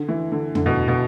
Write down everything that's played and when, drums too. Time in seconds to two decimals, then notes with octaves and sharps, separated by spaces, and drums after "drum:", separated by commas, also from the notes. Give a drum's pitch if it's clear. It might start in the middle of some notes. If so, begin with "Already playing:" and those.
Already playing: D3
0.09 E3
0.32 D3
0.55 D3, drum: tom
0.66 B2
0.88 B2